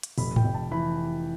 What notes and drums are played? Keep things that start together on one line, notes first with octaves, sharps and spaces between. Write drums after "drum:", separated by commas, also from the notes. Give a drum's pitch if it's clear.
drum: hi-hat
F1 B5, drum: open hi-hat
G5, drum: tom G#2
F1
A5
E3 B5